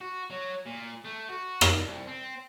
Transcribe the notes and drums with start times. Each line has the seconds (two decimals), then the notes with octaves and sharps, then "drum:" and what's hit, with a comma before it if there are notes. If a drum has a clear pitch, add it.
0.01 F#4
0.30 F#3
0.66 A#2
1.05 A3
1.29 F#4
1.61 drum: rim click
1.77 C2
2.08 C4